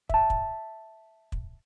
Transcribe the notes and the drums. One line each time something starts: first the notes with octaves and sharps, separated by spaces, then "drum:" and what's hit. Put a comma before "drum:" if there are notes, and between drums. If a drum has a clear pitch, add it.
E5 A5, drum: kick
drum: kick
drum: kick